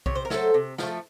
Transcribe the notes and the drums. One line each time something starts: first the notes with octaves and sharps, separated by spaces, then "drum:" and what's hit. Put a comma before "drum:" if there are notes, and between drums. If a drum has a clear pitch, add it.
C3 C#5, drum: kick B1
C5
A#4
F#3 A3 A4 C5, drum: snare
C3
F3 A3, drum: snare